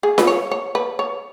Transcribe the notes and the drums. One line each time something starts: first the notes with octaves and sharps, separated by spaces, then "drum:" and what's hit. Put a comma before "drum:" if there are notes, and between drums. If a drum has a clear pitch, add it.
G#4
B4, drum: snare F4
C#5
C#5
B4
C#5